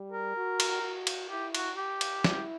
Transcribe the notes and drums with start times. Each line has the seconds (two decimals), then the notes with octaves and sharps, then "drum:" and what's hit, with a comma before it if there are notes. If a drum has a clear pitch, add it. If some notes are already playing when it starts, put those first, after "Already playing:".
Already playing: G3
0.12 A#4
0.37 F#4
0.60 drum: cymbal
0.83 F#4
1.07 drum: cymbal
1.30 E4 G4
1.55 F#4, drum: cymbal
1.77 G4
2.01 drum: cymbal
2.24 E4, drum: snare